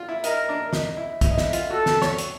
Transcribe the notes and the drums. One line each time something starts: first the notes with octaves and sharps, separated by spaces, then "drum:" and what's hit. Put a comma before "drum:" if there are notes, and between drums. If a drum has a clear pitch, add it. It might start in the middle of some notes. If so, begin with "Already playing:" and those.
Already playing: F4
E4
D#4 A#4, drum: hi-hat
D4
D#4, drum: snare
E4
E4, drum: kick, hi-hat
D#4
E4, drum: snare
F4, drum: hi-hat
F#4 A4
drum: snare
C#5, drum: snare
drum: hi-hat